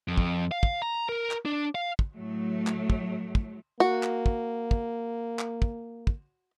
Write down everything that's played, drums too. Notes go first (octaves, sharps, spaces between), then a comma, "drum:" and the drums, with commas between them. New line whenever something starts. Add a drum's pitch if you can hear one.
F2
drum: kick
F5
drum: kick
A#5
A#4
drum: clap
D4
F5
drum: kick
A2 F#3 A3
drum: clap
drum: kick
drum: kick
A#3 F#4
drum: clap
drum: kick
drum: kick
drum: clap
drum: kick
drum: kick